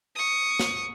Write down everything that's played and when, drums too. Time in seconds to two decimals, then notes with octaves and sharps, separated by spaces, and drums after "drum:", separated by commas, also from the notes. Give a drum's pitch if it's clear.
0.15 C#6 D#6
0.59 drum: snare